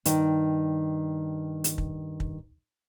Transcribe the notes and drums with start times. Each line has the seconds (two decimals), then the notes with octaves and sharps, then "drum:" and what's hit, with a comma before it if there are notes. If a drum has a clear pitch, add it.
0.05 G2 D#3, drum: hi-hat
1.64 drum: hi-hat
1.78 drum: kick
2.20 drum: kick